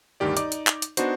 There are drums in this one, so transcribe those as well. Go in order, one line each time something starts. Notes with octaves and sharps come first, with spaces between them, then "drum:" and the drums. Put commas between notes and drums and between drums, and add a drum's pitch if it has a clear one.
D2 G2 D#3 G4 D5
D#4 D5 D6, drum: hi-hat
drum: hi-hat
drum: clap
drum: hi-hat
B3 D4 D#4 F#4 C5, drum: hi-hat